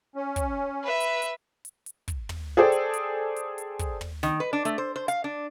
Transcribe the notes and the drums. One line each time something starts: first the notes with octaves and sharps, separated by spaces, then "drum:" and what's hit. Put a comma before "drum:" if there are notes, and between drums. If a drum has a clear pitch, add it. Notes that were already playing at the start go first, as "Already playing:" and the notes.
C#4
drum: kick, hi-hat
B4 E5
drum: hi-hat
drum: hi-hat
drum: hi-hat
drum: hi-hat
drum: kick, hi-hat
drum: tom
G#4 A4 C5 D5 G5
drum: hi-hat
drum: hi-hat
drum: hi-hat
drum: hi-hat
drum: kick, hi-hat
drum: tom
D#3, drum: snare
B4
D4
A3, drum: hi-hat
C5
C5
F5, drum: hi-hat
D4